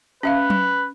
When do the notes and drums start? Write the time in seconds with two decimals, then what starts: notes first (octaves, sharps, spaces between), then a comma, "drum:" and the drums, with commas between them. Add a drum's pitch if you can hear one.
0.23 C#4 B4 E5 F5
0.50 drum: tom F#3